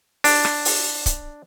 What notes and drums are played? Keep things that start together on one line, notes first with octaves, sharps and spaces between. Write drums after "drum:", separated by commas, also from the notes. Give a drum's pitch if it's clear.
D4, drum: open hi-hat
drum: rim click
drum: open hi-hat
drum: kick C#1, hi-hat